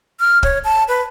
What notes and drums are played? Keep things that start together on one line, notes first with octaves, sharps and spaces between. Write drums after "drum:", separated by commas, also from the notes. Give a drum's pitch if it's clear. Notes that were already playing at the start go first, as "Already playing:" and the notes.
F6
C#5, drum: kick
A5
B4